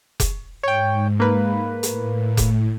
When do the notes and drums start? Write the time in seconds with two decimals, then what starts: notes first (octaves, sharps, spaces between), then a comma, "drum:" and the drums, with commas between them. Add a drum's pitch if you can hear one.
0.20 drum: kick F1, hi-hat
0.63 G#2 C#5 G5
1.20 A#3 B4
1.83 A2, drum: hi-hat
2.37 drum: kick F1, hi-hat